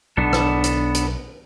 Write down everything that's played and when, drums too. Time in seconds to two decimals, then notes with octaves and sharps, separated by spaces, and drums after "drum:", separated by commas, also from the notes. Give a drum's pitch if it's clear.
0.17 B1 B3 D4 A4
0.33 drum: rim click
0.64 drum: hi-hat
0.95 drum: hi-hat